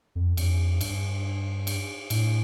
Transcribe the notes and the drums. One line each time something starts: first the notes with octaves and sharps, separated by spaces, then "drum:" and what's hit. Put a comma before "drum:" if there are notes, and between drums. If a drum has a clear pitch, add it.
F2
F2, drum: cymbal
G2, drum: cymbal
drum: cymbal
A2, drum: cymbal